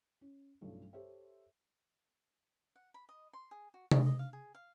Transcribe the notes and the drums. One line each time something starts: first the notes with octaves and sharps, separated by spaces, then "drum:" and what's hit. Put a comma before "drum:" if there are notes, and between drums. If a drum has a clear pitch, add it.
C#4
B1 G2 C#3 F3 A3
G4 A4 C5 C#5 E5
F#5
B5
D#5
C6
G#4
F#4
D#5, drum: tom C3
D#5
F5
G#4
F5